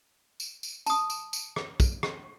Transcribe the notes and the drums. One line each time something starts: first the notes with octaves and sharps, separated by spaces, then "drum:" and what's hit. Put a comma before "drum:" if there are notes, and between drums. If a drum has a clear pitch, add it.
drum: tambourine
drum: tambourine
A5 D#6, drum: tambourine
drum: tambourine
drum: tambourine
drum: rim click
drum: kick, tambourine
drum: rim click